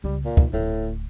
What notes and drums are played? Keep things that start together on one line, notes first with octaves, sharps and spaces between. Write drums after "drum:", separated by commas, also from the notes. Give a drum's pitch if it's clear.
C#2 G3
A#2
D#4 F4, drum: kick
D1 A2